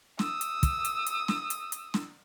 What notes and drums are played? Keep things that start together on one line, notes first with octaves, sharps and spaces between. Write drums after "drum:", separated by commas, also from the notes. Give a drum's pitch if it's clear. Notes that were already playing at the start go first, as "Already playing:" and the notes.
D#6 E6, drum: snare
drum: hi-hat
drum: kick, hi-hat
drum: hi-hat
drum: hi-hat
drum: snare
drum: hi-hat
drum: hi-hat
drum: snare